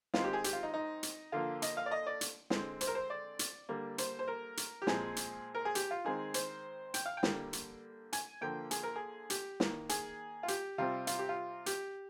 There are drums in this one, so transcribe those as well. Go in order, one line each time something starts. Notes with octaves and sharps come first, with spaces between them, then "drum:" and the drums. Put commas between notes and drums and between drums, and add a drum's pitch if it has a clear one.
D#3 G#3 C4 F4, drum: snare
G4
G#4
G4, drum: hi-hat
F4
D#4
D#4
drum: hi-hat
D3 F3 A#3 F4
D#5, drum: hi-hat
F5
D5
D#5
D5
drum: hi-hat
D3 G#3 C4, drum: snare
C5, drum: hi-hat
A#4
C5
D5
drum: hi-hat
D3 G3 A#3
C5, drum: hi-hat
C5
A#4
drum: hi-hat
G4
A#2 F3 G#3 C4 G#4, drum: snare
drum: hi-hat
A#4
G#4
G4, drum: hi-hat
F4
D#3 G#3 C4 G#4
C5, drum: hi-hat
G5, drum: hi-hat
F5
G5
D3 G3 A#3, drum: snare
drum: hi-hat
G#5, drum: hi-hat
D3 F3 A#3 G5
G#4, drum: hi-hat
A#4
G#4
G4, drum: hi-hat
D#3 A#3, drum: snare
G#4, drum: hi-hat
F4
G4, drum: hi-hat
C3 G3 C4 F4
F4, drum: hi-hat
G4
F4
G4, drum: hi-hat